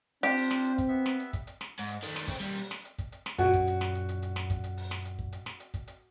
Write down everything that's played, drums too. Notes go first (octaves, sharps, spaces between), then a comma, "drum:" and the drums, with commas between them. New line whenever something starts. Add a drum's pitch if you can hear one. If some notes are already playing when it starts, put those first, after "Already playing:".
C4 D4 F4 G4 C5, drum: hi-hat
drum: open hi-hat
drum: snare
drum: hi-hat
drum: kick, hi-hat
B3 E5
drum: snare
drum: hi-hat
drum: kick, hi-hat
drum: hi-hat
drum: snare
G#2
drum: hi-hat
D#3 A3, drum: hi-hat
drum: snare
C#3 C4, drum: kick, hi-hat
G3 A#3
drum: open hi-hat
drum: snare
drum: hi-hat
drum: kick, hi-hat
drum: hi-hat
drum: snare
F#2 A#2 F#4, drum: hi-hat
drum: kick, hi-hat
drum: hi-hat
drum: snare
drum: hi-hat
drum: hi-hat
drum: hi-hat
drum: snare
drum: kick, hi-hat
drum: hi-hat
drum: open hi-hat
drum: snare
drum: hi-hat
drum: kick
drum: hi-hat
drum: snare
drum: hi-hat
drum: kick, hi-hat
drum: hi-hat